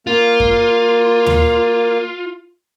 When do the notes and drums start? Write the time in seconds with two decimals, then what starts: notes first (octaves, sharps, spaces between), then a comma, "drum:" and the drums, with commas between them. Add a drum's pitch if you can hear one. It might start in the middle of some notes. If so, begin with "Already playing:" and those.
0.07 A#3 F4
0.40 drum: kick F#2
1.26 drum: tom